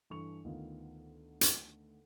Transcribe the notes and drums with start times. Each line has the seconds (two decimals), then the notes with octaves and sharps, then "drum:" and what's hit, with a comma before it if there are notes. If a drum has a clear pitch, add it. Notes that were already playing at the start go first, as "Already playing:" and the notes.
0.10 G2 E3 A4 C#6 F7
0.45 D2 D#3 B3 F4
1.41 drum: hi-hat